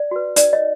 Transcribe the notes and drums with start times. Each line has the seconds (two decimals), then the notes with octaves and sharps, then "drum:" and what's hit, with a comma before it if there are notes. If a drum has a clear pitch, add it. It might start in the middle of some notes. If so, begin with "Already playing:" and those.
Already playing: D5
0.11 F#4 B4
0.36 D#4 D5, drum: hi-hat
0.53 C#5 D#5